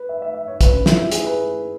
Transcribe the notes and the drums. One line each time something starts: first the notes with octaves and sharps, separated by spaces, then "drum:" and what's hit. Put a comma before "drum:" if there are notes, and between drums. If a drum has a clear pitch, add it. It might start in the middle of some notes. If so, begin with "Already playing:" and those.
Already playing: B4
E5
E5
E5
C#5
B4, drum: kick, hi-hat
C#4
E4, drum: snare
E4
G#4, drum: hi-hat
B4